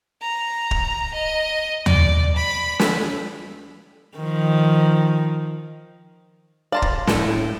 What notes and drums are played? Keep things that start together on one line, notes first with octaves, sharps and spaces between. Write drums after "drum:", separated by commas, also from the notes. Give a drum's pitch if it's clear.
A#5
drum: kick
D#5
D5, drum: tom D#2
B5
drum: snare
D#3 F3
D5 F5 A5 A#5 C6
drum: kick
A2 E4 A4, drum: snare